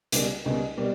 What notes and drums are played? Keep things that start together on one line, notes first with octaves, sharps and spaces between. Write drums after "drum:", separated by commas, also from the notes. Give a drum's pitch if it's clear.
C#2 B2 G3 A#3, drum: hi-hat
C#2 B2 G3 A#3 D#4
B2 G3 A#3